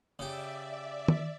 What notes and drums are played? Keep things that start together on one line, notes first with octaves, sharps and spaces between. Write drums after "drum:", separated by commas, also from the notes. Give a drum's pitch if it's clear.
C#3 G4 D5 E5
drum: tom